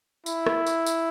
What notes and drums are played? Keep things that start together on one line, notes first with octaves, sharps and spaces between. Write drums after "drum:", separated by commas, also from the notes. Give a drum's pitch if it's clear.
E4, drum: tambourine
drum: rim click
drum: tambourine
drum: tambourine